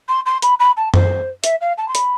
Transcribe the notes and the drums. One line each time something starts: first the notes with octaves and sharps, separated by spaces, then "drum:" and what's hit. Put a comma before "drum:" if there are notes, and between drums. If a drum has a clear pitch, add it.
C6
C6
B5, drum: hi-hat
B5
A5
C5, drum: tom F#2
E5, drum: hi-hat
F5
A5
C6
B5, drum: hi-hat